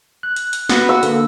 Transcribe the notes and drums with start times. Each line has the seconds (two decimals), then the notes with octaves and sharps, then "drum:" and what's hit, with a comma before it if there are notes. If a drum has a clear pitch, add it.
0.23 F#6
0.36 drum: hi-hat
0.53 drum: hi-hat
0.69 B3 F#4, drum: snare
0.89 F#5 E6
1.03 D3 A#3, drum: hi-hat